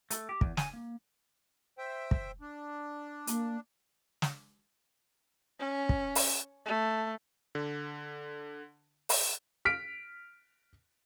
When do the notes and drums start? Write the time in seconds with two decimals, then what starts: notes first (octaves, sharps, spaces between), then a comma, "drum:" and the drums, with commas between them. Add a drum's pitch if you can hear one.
0.10 A3, drum: hi-hat
0.29 G4
0.41 E2, drum: kick
0.57 G#5, drum: snare
0.74 A#3
1.78 C5 E5 G5
2.11 drum: kick
2.41 D4
3.27 A#3, drum: hi-hat
4.22 drum: snare
5.60 C#4
5.89 drum: kick
6.15 drum: open hi-hat
6.66 A3
7.55 D3
9.09 drum: open hi-hat
9.65 F6 B6 D7